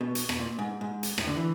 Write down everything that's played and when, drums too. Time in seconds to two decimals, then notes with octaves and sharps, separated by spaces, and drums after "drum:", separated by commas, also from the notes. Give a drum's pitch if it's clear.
0.01 B2
0.15 drum: hi-hat
0.29 B2, drum: rim click
0.39 A#2
0.59 G#2
0.81 G#2
1.03 drum: hi-hat
1.18 A2, drum: rim click
1.27 D3
1.37 E3